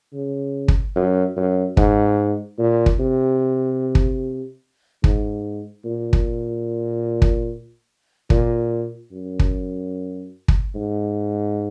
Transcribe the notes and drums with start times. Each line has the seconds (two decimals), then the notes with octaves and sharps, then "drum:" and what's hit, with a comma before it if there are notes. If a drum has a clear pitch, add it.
0.13 C#3
0.68 drum: kick
0.96 F#2
1.37 F#2
1.77 G#2, drum: kick
2.59 A#2
2.86 drum: kick
2.99 C3
3.95 drum: kick
5.04 G#2, drum: kick
5.85 A#2
6.13 drum: kick
7.22 drum: kick
8.30 A#2, drum: kick
9.12 F#2
9.39 drum: kick
10.48 drum: kick
10.75 G#2